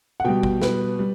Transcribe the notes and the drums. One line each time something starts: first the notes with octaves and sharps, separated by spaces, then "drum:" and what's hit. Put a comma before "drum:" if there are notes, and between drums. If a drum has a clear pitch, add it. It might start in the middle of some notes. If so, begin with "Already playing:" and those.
F#5
B2 G3 G5
drum: kick
B4, drum: snare
G3